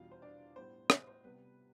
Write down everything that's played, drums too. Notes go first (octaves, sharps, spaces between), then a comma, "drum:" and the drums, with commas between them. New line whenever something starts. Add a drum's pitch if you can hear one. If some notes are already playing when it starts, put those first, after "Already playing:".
Already playing: E2 B2 G3 D4 F4 F5
C5
D4 D5
A2 G3 B3 C5
C5, drum: rim click
C5
C3 G3 B3 B4